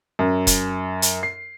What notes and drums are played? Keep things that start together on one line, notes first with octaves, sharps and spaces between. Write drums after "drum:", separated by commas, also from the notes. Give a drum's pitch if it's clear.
F#2
drum: kick F1, hi-hat
drum: hi-hat
C7